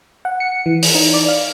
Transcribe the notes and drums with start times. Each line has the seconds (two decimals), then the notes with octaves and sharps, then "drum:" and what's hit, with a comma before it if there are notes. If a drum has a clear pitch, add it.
0.25 F#5
0.40 C#7
0.66 E3
0.83 drum: open hi-hat
0.95 D#4
1.14 D5
1.28 F5